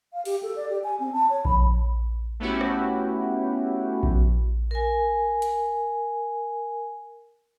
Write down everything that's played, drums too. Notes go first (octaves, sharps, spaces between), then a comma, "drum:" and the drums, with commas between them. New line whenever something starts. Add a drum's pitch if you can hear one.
F5
G4, drum: open hi-hat
A4
D5
G4
G#5
C4
A5
C#5
B5, drum: kick A#1
A3 B3 C#4 E4 F#4 G4
drum: rim click
drum: kick A#1
A#4 G#5
drum: hi-hat